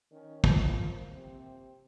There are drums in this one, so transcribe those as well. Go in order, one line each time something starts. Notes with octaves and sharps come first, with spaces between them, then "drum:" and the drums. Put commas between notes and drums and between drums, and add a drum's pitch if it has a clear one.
D#3 C#4
F3 C4, drum: kick
A#3
C3 C4